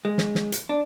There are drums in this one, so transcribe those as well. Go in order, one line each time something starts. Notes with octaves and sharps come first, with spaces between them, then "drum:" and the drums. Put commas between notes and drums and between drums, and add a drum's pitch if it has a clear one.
G#3
drum: snare
drum: snare
drum: hi-hat
D4